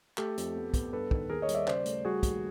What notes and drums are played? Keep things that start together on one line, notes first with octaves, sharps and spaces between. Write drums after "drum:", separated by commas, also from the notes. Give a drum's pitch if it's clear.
A3 G4 A4, drum: clap
F2, drum: hi-hat
B3
B3, drum: kick, hi-hat
G2 A4 B4
D#3, drum: kick
D#2 G#4 A#4
C#5 D#5
G3, drum: hi-hat
D5 E5
C#3 C5 D5, drum: clap
A3, drum: hi-hat
G3 F#4 G#4
D#2, drum: kick, hi-hat